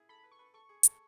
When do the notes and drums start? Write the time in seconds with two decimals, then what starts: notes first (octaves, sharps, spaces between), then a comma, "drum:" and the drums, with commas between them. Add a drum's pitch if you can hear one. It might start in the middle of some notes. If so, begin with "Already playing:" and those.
Already playing: E4 G#4
0.09 A4 B5
0.24 B4
0.31 C#6
0.39 B4
0.54 A4 C#6
0.69 G#4
0.83 A4, drum: hi-hat